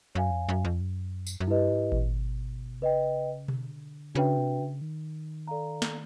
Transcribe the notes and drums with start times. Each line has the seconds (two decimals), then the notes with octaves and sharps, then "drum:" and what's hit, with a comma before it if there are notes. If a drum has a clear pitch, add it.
0.15 F#2 C#5 F5 G#5
0.31 F2
0.49 F#2
0.65 F2
0.81 F#2
1.27 drum: tambourine
1.40 F#2
1.48 G2 E4 G4 B4 D#5
1.70 G#2
1.92 A#2, drum: kick G#1
2.15 B2
2.81 C#3 B4 D#5 G5
3.48 D3, drum: tom B2
4.15 C#3 D4 F#4 B4 E5 G5
4.37 C3
4.60 C#3
4.82 D#3
5.48 A4 D5 F5 A#5
5.82 drum: snare